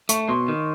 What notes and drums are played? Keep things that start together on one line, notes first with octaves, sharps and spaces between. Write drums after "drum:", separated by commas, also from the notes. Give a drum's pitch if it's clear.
A3 C#6, drum: hi-hat
B2 C6
D#3